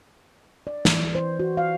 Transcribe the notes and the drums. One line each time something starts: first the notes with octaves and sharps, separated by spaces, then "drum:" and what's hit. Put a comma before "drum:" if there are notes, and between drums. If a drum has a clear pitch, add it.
D5
E3, drum: snare
C5
F#4
F5